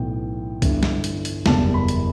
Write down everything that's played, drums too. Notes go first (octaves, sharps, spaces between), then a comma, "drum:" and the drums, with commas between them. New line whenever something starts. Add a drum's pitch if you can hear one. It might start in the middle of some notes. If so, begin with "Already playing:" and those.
Already playing: B1 A2 E3 B3 G5
G1 G2 E3 B3, drum: kick C#2, hi-hat
drum: snare
drum: hi-hat
drum: hi-hat
F#1 E2 B2 G3 A5, drum: snare
B5
drum: hi-hat